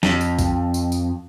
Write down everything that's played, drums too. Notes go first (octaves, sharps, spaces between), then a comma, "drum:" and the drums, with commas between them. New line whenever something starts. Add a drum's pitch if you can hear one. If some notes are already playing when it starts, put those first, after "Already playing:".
F2, drum: snare
drum: tambourine
drum: kick, tambourine
drum: tambourine
drum: tambourine